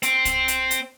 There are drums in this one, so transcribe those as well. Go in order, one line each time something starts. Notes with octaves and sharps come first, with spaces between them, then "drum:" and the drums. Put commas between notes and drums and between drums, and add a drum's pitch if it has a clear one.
C4, drum: hi-hat
drum: kick C2, hi-hat
drum: hi-hat
drum: hi-hat